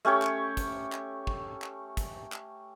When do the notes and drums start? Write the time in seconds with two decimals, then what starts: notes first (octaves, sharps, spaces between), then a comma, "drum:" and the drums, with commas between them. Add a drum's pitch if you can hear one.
0.05 A3 C#4 G4 C#5
0.22 drum: clap
0.57 drum: kick, hi-hat
0.92 drum: clap
1.27 drum: kick
1.62 drum: clap
1.97 drum: kick, hi-hat
2.32 drum: clap